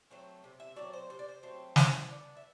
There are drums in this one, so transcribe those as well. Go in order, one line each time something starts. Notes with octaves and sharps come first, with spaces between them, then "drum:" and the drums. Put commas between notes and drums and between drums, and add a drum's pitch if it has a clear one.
F#3 A3 C4
C3
E5
F#3 A3 C4 D5
C5
C3 C5
D5
C5
F#3 A3 C4
E3, drum: snare
B3 D4
E5